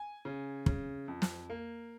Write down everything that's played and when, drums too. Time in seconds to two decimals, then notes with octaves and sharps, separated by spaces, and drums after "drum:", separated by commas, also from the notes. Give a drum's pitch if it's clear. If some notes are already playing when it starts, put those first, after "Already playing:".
Already playing: G#5
0.25 C#3
0.66 C#3, drum: kick
1.08 F2
1.22 drum: snare
1.50 A#3